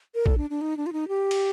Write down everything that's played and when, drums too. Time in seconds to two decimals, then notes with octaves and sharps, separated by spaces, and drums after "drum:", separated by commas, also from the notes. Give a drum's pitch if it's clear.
0.15 A#4
0.26 A4, drum: kick A#1
0.38 D4
0.50 D4
0.61 D#4
0.77 D4
0.86 F4
0.93 D#4
1.08 G4
1.31 drum: cymbal